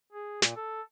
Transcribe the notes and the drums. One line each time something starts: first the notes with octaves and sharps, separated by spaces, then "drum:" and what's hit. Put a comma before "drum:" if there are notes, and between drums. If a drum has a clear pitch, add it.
G#4
A#2, drum: snare
A4